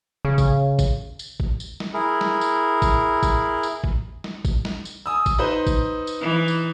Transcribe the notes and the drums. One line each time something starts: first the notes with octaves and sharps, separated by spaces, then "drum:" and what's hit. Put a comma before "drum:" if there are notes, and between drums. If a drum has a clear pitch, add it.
C#3
drum: kick G#1, tambourine
drum: kick G#1, tambourine
drum: tambourine
drum: kick G#1
drum: tambourine
drum: snare
E4 G#4 A#4
drum: snare
drum: tambourine
drum: kick G#1, tambourine
drum: kick G#1, tambourine
drum: tambourine
drum: kick G#1
drum: snare
drum: kick G#1, tambourine
drum: snare
drum: tambourine
G#5 D#6 E6
drum: kick G#1, tambourine
D#4 B4 C5
drum: kick G#1, tambourine
drum: tambourine
E3
drum: tambourine